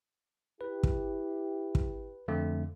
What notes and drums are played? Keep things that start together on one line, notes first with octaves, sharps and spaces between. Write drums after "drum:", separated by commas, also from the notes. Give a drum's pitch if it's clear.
E4 G4 B4
drum: kick
drum: kick
F2 D3 A3